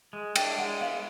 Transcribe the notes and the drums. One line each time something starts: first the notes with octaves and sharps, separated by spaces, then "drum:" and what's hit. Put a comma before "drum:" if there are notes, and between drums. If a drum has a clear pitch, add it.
G#3
D4 G5, drum: cymbal
G#3 F#5
B3 F5